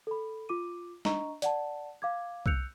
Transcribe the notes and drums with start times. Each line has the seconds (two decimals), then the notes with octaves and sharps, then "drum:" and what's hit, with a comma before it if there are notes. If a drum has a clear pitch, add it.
0.07 A4 B5
0.49 F4 D6 D#7
1.05 D4 D#5 A#5 C#6, drum: snare
1.42 D5 F#5 A5, drum: hi-hat
2.02 F5 D6 G#6
2.46 E6 F#6 G6 C#7 F7, drum: kick C2